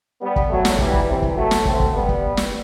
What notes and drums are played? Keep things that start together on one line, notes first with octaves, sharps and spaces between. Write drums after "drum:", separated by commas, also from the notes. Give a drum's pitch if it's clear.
G3 B3
drum: kick
F#3 A3
drum: snare
E3 G3, drum: kick
drum: kick
C3 E3
drum: kick
F#3 A3
drum: snare
A3 C4, drum: kick
drum: kick
G3 B3
drum: kick
drum: snare